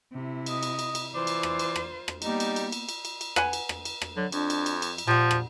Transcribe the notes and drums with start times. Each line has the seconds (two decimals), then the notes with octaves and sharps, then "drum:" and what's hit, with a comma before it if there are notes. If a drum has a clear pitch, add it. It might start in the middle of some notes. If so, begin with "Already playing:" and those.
0.13 C3 E4
0.46 D#5, drum: cymbal
0.63 drum: cymbal
0.79 drum: cymbal
0.95 drum: cymbal
1.15 E3 F4 C5 D5
1.27 drum: cymbal
1.43 drum: rim click
1.59 drum: cymbal
1.76 drum: rim click
2.08 drum: rim click
2.22 G3 A#3 B3 D#4, drum: cymbal
2.40 drum: cymbal
2.56 drum: cymbal
2.72 drum: cymbal
2.89 drum: cymbal
3.05 drum: cymbal
3.21 drum: cymbal
3.36 B4 F#5 G#5, drum: rim click
3.53 drum: cymbal
3.69 drum: rim click
3.85 drum: cymbal
4.02 drum: rim click
4.17 D3 F#3
4.32 F2 D4, drum: cymbal
4.50 drum: cymbal
4.66 drum: cymbal
4.82 drum: cymbal
4.98 drum: cymbal
5.07 A#2 F3 G4 F#5
5.31 drum: rim click